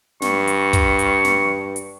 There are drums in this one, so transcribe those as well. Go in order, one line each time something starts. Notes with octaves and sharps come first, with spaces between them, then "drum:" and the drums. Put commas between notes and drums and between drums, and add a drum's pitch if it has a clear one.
G2 C#6, drum: snare
drum: hi-hat
drum: kick, hi-hat
drum: hi-hat
drum: snare
drum: hi-hat